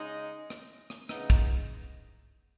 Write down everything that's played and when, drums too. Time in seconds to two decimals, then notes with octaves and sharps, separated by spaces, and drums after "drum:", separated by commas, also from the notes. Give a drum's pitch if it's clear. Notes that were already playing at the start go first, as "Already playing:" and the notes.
Already playing: C#3 G#3 D#4
0.50 drum: rim click
0.90 drum: rim click
1.09 C#3 E3 B3 D#4, drum: rim click
1.30 drum: kick